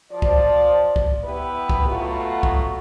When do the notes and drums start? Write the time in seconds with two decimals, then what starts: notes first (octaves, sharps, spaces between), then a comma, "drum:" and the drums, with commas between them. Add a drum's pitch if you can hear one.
0.12 F3 D5
0.22 drum: kick
0.96 drum: kick
1.24 B3 E4 G4 B4
1.70 drum: kick
1.88 B2 F#3 A3 F4 F#4
2.43 drum: kick